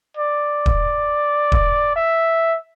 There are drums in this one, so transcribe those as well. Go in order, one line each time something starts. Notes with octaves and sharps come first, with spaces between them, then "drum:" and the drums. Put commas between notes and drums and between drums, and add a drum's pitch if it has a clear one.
D5
drum: kick D#1
drum: kick D#1
E5